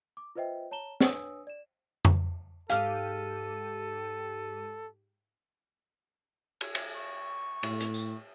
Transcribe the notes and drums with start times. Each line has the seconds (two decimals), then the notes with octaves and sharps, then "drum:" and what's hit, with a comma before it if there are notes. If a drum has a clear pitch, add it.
0.17 D6
0.35 F4 B4 C5 D#5 E5 G5
0.71 C#5 A5 A#5 E7 G7
1.00 D4 B4 C#5 G#5 D#6 E6, drum: snare
1.47 D5 E7
2.05 drum: tom F2
2.70 G#2 G4 A4 F5 F6 D#7, drum: hi-hat
6.61 drum: cymbal
6.75 drum: cymbal
6.94 C#6
7.63 A2, drum: cymbal
7.81 drum: hi-hat
7.94 drum: tambourine